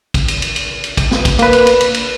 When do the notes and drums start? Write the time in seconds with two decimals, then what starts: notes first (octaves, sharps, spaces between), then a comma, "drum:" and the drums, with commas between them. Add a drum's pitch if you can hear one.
0.14 drum: kick, cymbal
0.28 drum: cymbal
0.42 drum: cymbal
0.56 drum: cymbal
0.84 drum: cymbal
0.97 drum: kick, cymbal
1.11 drum: snare
1.25 drum: kick, cymbal
1.39 A#3 B4, drum: cymbal
1.53 drum: cymbal
1.67 drum: cymbal
1.80 drum: cymbal
1.94 drum: cymbal